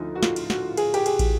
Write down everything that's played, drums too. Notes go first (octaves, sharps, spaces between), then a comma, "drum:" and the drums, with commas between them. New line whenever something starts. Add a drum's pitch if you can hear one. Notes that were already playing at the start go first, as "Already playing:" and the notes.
Already playing: D2 D3 F3 D#4
F#4
F4, drum: snare
drum: cymbal
F#4, drum: snare
G#4, drum: cymbal
G4, drum: cymbal
G#4, drum: cymbal
drum: kick, cymbal